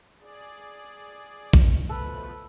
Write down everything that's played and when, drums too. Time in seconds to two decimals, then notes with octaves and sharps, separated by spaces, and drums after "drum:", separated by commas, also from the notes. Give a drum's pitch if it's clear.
0.20 G#4 D5
1.53 drum: kick A#1
1.89 B2 F3 A3 A4 B4